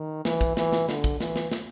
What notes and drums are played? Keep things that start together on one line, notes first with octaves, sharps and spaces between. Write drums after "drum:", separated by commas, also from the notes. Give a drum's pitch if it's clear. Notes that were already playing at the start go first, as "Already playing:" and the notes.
Already playing: D#3
E3, drum: snare
drum: kick, tambourine
E3, drum: snare
drum: snare
D3, drum: snare
drum: kick, tambourine
E3, drum: snare
drum: snare
drum: snare